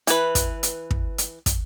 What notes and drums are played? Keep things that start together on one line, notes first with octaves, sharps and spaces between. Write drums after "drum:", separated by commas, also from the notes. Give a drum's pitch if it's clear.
E3 B4, drum: hi-hat
drum: kick, hi-hat
drum: hi-hat
drum: kick
drum: hi-hat
drum: kick, hi-hat